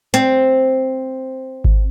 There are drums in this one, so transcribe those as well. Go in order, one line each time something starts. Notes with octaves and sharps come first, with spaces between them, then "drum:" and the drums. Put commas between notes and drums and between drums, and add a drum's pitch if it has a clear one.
C4, drum: hi-hat
drum: kick G#1